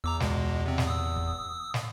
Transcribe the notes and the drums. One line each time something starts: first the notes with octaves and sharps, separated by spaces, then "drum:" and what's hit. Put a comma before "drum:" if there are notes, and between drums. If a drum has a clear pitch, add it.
E2 A#5 D6 E6
C#2 B2 G#3, drum: snare
C3 C4
drum: snare
D#6 E6
drum: kick
drum: snare